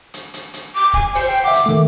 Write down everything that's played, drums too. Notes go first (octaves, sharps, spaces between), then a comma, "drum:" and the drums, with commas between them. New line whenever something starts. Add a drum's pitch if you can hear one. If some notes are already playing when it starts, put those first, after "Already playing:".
drum: hi-hat
drum: hi-hat
drum: hi-hat
D6
G#5, drum: kick D#1
C5, drum: open hi-hat
G5 C7
E5 F#5 D6
drum: hi-hat
D#3 A3